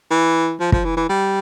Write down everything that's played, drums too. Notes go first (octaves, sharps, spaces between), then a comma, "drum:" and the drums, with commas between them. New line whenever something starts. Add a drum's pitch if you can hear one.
E3
F3
F3, drum: kick
E3
E3
G3